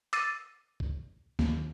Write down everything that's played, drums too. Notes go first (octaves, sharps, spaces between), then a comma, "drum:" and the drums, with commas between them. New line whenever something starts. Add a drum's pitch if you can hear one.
D6 E6 A6 C7 D#7, drum: hi-hat
drum: kick
D#2, drum: snare